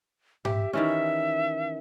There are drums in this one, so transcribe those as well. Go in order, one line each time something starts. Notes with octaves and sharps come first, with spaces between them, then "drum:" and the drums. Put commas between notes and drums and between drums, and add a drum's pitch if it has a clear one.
G4 E5, drum: tom G#2
D#3 E3 C#4 E5